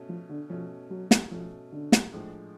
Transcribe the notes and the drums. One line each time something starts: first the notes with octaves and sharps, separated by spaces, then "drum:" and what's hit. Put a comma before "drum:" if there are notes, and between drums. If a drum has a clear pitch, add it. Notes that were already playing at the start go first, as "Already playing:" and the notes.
Already playing: B2 A3 C#4
F3
D3
B2 F3 A3 C#4
F#3
drum: snare
B2 F3 A3 C#4
D3
drum: snare
A2 F3 G#3 D4